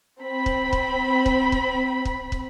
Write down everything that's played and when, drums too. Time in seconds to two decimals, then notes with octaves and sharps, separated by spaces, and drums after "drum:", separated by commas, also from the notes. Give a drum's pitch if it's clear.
0.19 C4 B5
0.46 drum: kick
0.73 drum: kick
1.26 drum: kick
1.52 drum: kick
2.05 drum: kick
2.32 drum: kick